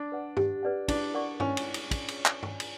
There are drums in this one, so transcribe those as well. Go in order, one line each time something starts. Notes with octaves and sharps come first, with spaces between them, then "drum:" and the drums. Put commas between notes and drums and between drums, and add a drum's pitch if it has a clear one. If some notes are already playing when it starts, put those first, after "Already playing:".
Already playing: D4
B4 D5 F#5
G4, drum: tom
B4 D5 F#5
D4 E4, drum: kick, cymbal
A#4 D5 F#5 C#6
C#4 E4, drum: tom
drum: cymbal
drum: cymbal
drum: kick, cymbal
drum: cymbal
drum: clap
drum: tom
drum: cymbal